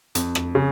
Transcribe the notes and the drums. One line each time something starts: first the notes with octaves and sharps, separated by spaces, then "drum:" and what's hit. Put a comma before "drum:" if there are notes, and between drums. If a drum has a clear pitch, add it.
F2, drum: hi-hat
drum: rim click
C#3